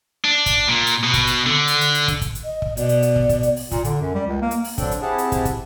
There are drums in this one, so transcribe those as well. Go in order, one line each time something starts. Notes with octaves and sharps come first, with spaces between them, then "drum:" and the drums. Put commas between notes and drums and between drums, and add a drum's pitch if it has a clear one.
D4
drum: kick, hi-hat
A#2
drum: hi-hat
B2
drum: kick, hi-hat
drum: hi-hat
D3
drum: hi-hat
drum: hi-hat
drum: hi-hat
drum: kick, hi-hat
drum: kick, hi-hat
drum: hi-hat
D#5
drum: kick
B2 D5, drum: hi-hat
drum: hi-hat
drum: hi-hat
drum: kick
drum: kick, hi-hat
drum: hi-hat
drum: open hi-hat
A#2, drum: kick, hi-hat
D3, drum: hi-hat
F#2
G3
C#2
A#3
drum: hi-hat
drum: open hi-hat
D3 F#3 C4 D4 A4 G5, drum: kick, hi-hat
drum: hi-hat
C4 E4 G4 G#4 F#5 A5
drum: hi-hat
drum: kick, hi-hat
drum: kick, hi-hat